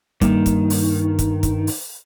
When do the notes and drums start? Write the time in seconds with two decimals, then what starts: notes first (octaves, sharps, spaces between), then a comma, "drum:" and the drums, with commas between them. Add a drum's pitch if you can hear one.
0.21 G2 D#3 G3 A#3, drum: kick, hi-hat
0.46 drum: kick, hi-hat
0.70 drum: open hi-hat
1.19 drum: kick, hi-hat
1.43 drum: kick, hi-hat
1.67 drum: open hi-hat